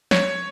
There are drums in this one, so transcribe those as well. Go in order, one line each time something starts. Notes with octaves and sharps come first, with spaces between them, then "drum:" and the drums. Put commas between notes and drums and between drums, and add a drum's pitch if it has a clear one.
C#5, drum: snare